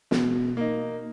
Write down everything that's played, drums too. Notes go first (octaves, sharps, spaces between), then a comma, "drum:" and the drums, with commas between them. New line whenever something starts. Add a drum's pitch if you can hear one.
B2, drum: snare
A#3 D#4